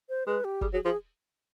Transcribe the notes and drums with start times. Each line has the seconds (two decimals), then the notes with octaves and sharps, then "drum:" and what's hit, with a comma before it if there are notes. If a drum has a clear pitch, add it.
0.09 C5
0.27 G#3 B4
0.44 G4
0.61 G3 G#4, drum: kick
0.73 F#3 G#4
0.84 F3 G#4